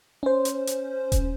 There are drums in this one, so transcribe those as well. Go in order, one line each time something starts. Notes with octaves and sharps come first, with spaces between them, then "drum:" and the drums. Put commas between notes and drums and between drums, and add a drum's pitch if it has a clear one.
C#4 C5
drum: hi-hat
drum: hi-hat
drum: kick D#1, hi-hat